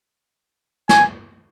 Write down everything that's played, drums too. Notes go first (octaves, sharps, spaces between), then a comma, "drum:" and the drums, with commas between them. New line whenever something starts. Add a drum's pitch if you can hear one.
G#5, drum: snare